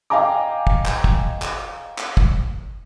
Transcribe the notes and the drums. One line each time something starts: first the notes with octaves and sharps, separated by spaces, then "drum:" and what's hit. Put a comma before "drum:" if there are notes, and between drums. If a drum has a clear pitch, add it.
D#5 F5 G5 G#5 A#5 D6
drum: kick
drum: clap
drum: kick
drum: clap
drum: clap
drum: kick